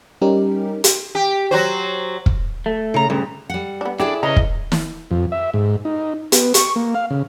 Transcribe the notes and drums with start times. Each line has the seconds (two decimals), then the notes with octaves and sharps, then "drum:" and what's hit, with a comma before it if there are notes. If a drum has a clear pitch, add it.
0.22 G3 C#4 D#4 G4 A#4
0.84 drum: hi-hat
1.15 G4
1.51 F#3 F#4 C5
2.26 drum: kick
2.66 A3
2.94 C#3 A#5
3.10 D2 G2 C#3
3.50 G3 F#5
3.81 B3 D4
4.00 D4 E4 G4 G#4 D5
4.23 C#3 B4 D#5 A#5
4.36 drum: kick
4.72 drum: snare
5.11 F2
5.32 E5
5.54 G#2
5.85 D#4
6.32 B3, drum: hi-hat
6.54 C#6, drum: hi-hat
6.76 A#3
6.95 F5
7.11 C#3